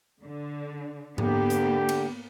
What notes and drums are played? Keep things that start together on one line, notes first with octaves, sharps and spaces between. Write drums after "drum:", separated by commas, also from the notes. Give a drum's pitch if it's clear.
D3
D3 A#3 B3 G4, drum: tom G#2
drum: hi-hat
drum: cymbal